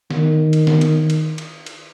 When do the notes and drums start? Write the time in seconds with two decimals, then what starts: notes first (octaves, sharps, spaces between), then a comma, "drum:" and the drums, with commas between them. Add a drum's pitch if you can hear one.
0.11 D#3, drum: snare
0.53 drum: cymbal
0.67 drum: snare
0.81 drum: cymbal
1.10 drum: cymbal
1.38 drum: cymbal
1.66 drum: cymbal